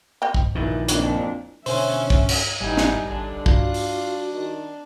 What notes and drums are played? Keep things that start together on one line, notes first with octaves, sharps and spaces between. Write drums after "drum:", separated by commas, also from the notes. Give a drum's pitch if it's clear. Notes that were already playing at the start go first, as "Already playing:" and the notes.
C5 D#5 G5
drum: kick
A#1 G2 D#3 E3
D1 F2 A#2 E3 D4 B4 C#5, drum: hi-hat
B2 D3 C#4 C5 E5 F#5 G#5, drum: open hi-hat
drum: kick
drum: cymbal
G#1 A2 E3 G3 D#4 F#5 G#5
drum: snare
A1 D3 D4
F4 F#4, drum: kick
drum: open hi-hat
D#3